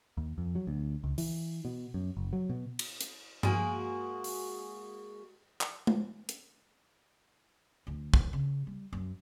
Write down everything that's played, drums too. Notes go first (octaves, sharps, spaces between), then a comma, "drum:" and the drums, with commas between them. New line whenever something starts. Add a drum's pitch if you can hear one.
D#2
F2
F#3
D2
C#2
E3, drum: open hi-hat
B2
F#2
F#1
F#3
B2
drum: cymbal
drum: hi-hat
G#3 A#3 F#4 G#4, drum: tom G2
drum: open hi-hat
drum: clap
drum: tom G#3
drum: hi-hat
D2
D#3, drum: kick
C#3
G3
F#2